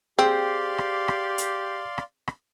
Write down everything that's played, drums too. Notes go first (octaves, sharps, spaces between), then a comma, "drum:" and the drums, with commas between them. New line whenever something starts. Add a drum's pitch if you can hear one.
C4 G4 G#4 D5 F5 C6
drum: rim click
drum: rim click
drum: hi-hat
drum: rim click
drum: rim click